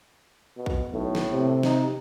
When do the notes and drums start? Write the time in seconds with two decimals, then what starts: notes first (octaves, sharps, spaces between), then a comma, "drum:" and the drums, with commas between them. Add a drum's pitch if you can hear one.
0.57 B2
0.66 drum: kick
0.92 B1 A2
1.15 drum: snare
1.32 C3
1.63 D#4, drum: snare